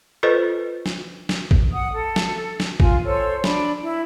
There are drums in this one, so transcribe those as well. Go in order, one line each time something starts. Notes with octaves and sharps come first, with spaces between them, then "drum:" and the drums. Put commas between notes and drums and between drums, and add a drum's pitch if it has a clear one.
F4 A4 B4 C5 D#5
drum: snare
drum: snare
drum: kick
F#5 D#6
A4
drum: snare
drum: snare
F4 G#5, drum: kick
A4 C5 C#5 E6
D4 B5, drum: snare
E4